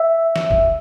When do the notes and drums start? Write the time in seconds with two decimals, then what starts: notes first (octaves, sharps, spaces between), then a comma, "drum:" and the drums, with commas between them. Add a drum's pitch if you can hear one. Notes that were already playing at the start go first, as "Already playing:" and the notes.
Already playing: E5
0.36 drum: snare
0.51 drum: kick G1